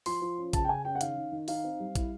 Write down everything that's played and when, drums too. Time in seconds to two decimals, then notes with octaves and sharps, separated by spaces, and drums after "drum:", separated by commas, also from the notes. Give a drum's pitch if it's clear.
0.06 F3 C6, drum: open hi-hat
0.21 F3
0.38 C#4
0.53 C#3 A5, drum: kick, hi-hat
0.64 G5
0.69 C#3 G#5
0.85 C#4 G5
0.95 F#5
1.01 D#3 F5, drum: hi-hat
1.17 D#3
1.32 D#3
1.48 D#4 F5, drum: open hi-hat
1.64 C4
1.80 G3
1.95 E4, drum: kick, hi-hat